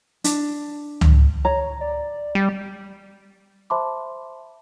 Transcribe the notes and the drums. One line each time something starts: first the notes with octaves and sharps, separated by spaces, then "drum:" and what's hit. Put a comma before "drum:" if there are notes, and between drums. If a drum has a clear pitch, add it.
D4, drum: hi-hat
drum: tom C#2
C#5 A#5
D5
G3
C5 E5 A5 B5 C6 D6